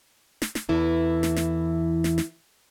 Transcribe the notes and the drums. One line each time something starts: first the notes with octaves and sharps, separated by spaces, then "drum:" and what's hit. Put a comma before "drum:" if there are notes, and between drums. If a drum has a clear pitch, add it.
drum: snare
drum: snare
E2 E3 E4 A4
drum: snare
drum: snare
drum: snare
drum: snare